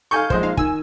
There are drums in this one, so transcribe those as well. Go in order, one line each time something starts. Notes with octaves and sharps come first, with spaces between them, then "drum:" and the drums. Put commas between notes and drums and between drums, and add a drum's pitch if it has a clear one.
D#4 A4 F5 G#5 C#6 G6
A#1 G#3 C5, drum: kick
D#4 F5
D#3 G#5 E6, drum: kick